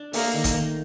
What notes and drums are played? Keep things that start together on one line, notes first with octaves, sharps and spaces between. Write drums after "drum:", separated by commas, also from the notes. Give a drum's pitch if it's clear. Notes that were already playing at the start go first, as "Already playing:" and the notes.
Already playing: D4
A3 A#3, drum: open hi-hat
D#3
drum: kick G#1, hi-hat
D#3